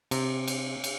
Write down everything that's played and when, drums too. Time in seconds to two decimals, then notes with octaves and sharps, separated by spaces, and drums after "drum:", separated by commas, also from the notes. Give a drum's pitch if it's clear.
0.11 C3, drum: cymbal
0.48 drum: cymbal
0.84 drum: cymbal